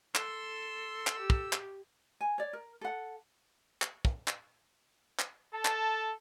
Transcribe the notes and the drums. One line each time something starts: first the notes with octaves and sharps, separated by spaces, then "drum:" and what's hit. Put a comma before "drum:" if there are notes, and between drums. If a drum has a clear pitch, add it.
A4 C6 E6, drum: clap
drum: clap
G4
drum: kick
drum: clap
G#5
C#5 D5
A#4
A4 F#5
drum: clap
drum: kick
drum: clap
drum: clap
A4 A5
drum: clap